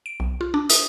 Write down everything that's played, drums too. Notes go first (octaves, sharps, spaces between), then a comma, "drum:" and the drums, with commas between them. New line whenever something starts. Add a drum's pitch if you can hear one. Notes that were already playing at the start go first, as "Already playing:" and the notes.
D7
B1
F4
D4
D#6, drum: hi-hat